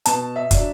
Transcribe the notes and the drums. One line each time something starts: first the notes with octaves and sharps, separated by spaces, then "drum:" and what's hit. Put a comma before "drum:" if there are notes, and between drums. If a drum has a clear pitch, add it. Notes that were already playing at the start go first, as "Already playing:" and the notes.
B2 A5, drum: hi-hat
E5
F#3 D4, drum: kick, hi-hat